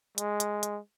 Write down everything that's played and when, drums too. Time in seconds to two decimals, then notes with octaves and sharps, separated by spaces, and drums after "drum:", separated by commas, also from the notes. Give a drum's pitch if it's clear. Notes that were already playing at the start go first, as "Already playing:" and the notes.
0.18 G#3, drum: hi-hat
0.40 drum: hi-hat
0.63 drum: hi-hat